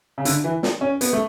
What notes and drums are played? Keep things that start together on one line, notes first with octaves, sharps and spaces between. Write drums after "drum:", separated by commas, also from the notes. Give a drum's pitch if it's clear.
C#3
D3, drum: hi-hat
E3
drum: snare
C#4
B3, drum: hi-hat
A3